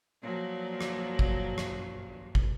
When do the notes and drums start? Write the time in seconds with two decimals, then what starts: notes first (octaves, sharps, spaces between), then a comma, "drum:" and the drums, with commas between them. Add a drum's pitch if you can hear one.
0.23 A#2 F3 F#3
0.81 drum: rim click
1.19 drum: kick
1.58 drum: rim click
2.35 drum: kick